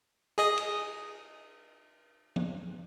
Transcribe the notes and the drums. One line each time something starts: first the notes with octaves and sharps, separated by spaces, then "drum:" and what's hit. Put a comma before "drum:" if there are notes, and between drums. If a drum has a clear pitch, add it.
G#4 D#5 D#6
drum: cymbal
drum: tom F3